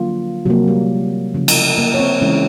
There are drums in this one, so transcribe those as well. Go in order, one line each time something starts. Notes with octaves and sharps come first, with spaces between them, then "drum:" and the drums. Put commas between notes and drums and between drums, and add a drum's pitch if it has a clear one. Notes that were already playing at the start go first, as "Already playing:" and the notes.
Already playing: D3 F3 F#3 A#3 F4
C3 F3 F#3 A#3 F#4
G3 G4
C#3 F3 A3
drum: cymbal
A#3 A#4
C#5
C4 C5
C#3 E3 G#3 C#4 C#5